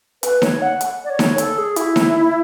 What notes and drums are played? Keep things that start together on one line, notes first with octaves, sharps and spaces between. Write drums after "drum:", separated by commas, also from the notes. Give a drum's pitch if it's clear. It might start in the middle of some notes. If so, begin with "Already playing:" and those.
B4, drum: hi-hat
C#5, drum: snare D#4
F#5
drum: hi-hat
D5
C#5
drum: snare D#4
A4, drum: hi-hat
G#4
E4, drum: hi-hat
drum: snare D#4